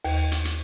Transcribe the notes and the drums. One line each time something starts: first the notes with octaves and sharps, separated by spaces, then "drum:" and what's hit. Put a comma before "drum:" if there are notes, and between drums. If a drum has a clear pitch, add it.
D#2, drum: open hi-hat
drum: hi-hat
drum: hi-hat